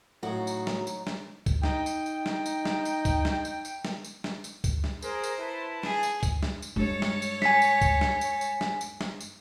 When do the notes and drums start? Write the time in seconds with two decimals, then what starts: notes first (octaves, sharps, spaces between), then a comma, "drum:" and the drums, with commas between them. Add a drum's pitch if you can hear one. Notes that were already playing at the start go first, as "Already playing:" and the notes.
0.23 A2 F#3 D#4 F#4
0.47 drum: tambourine
0.67 drum: snare
0.87 drum: tambourine
1.07 drum: snare
1.46 drum: kick C2, tambourine
1.63 D#4 G5, drum: snare
1.86 drum: tambourine
2.06 drum: tambourine
2.26 drum: snare
2.46 drum: tambourine
2.65 drum: snare
2.85 drum: tambourine
3.05 drum: kick C2, tambourine
3.25 drum: snare
3.45 drum: tambourine
3.65 drum: tambourine
3.85 drum: snare
4.04 drum: tambourine
4.24 drum: snare
4.44 drum: tambourine
4.64 drum: kick C2, tambourine
4.84 drum: snare
5.02 G#4 A#4 C5, drum: tambourine
5.23 drum: tambourine
5.39 E4 B4 A5
5.83 G#4, drum: snare
6.03 drum: tambourine
6.23 drum: kick C2, tambourine
6.43 drum: snare
6.62 drum: tambourine
6.76 G2 G#3 A4 C#5
7.02 drum: snare
7.22 drum: tambourine
7.42 G#5 B6, drum: snare
7.62 drum: tambourine
7.82 drum: kick C2, tambourine
8.01 drum: snare
8.21 drum: tambourine
8.41 drum: tambourine
8.61 drum: snare
8.81 drum: tambourine
9.01 drum: snare
9.20 drum: tambourine